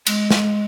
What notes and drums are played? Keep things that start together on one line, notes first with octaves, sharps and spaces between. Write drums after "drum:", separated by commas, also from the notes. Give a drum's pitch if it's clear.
G#3, drum: cymbal
drum: snare